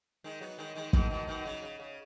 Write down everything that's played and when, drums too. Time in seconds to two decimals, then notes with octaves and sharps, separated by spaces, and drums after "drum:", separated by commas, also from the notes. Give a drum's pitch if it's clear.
0.24 D#3 G#3
0.41 F#3 B3
0.58 D#3 G#3
0.75 D#3 G#3
0.93 B2 D#3, drum: kick
1.10 B2 D#3
1.27 B2 D#3
1.45 C#3 F#3
1.62 C#3
1.80 C#3